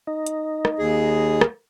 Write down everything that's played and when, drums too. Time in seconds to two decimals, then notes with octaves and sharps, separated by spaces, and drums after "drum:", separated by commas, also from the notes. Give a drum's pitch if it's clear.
0.07 D#4
0.26 drum: hi-hat
0.65 drum: rim click
0.79 D#2 G#4
1.41 drum: rim click